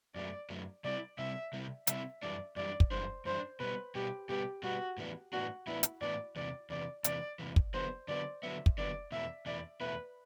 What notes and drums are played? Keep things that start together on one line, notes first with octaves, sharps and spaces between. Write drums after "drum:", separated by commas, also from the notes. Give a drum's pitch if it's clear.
F#2 F#3 A3 D5
F#2 F#3 A3
C3 G3 C4 E4 D5
C3 G3 C4 E4 E5
C3 G3 C4 E4
C3 G3 C4 E4 E5, drum: hi-hat
F#2 E3 G3 D4 D5
F#2 E3 G3 D4 D5
drum: kick
F#2 E3 G3 D4 C5
F#2 E3 G3 D4 C5
B2 G3 B3 B4
B2 G3 B3 G4
B2 G3 B3 G4
B2 G3 B3 F#4
A2 E3 B3 D4
A2 E3 B3 D4 F#4
A2 E3 B3 D4 E4
drum: hi-hat
A2 E3 B3 D4 D5
E2 C3 E3 D5
E2 C3 E3 D5
E2 C3 E3 D5, drum: hi-hat
E2 C3 E3
drum: kick
D3 F#3 B3 C5
D3 F#3 B3 D5
D3 F#3 B3 E5
drum: kick
D3 F#3 B3 D5
E2 B2 A3 E4 E5
E2 B2 A3 E4 D5
E2 B2 A3 E4 B4